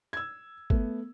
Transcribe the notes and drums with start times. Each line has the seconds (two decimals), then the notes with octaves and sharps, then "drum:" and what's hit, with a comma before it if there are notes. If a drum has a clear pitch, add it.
0.13 E6 G#6
0.70 A3 B3, drum: kick G1